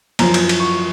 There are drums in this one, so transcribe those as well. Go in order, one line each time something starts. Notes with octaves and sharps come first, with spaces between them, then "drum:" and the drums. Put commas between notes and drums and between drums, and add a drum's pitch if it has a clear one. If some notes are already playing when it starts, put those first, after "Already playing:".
F#2 F3 A#5, drum: cymbal
drum: cymbal
drum: cymbal
C#6